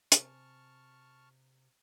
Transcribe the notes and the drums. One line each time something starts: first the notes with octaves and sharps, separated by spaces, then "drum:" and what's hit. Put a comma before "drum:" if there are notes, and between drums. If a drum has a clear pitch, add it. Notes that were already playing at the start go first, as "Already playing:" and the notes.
C3 G#5 A5 C#6 F6, drum: hi-hat